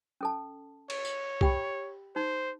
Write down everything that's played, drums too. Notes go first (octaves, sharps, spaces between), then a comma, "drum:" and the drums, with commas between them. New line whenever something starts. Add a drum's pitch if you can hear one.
C#4 A4 A5
C#5, drum: cymbal
drum: tambourine
G4 G5 B5, drum: kick C2
D#4 C5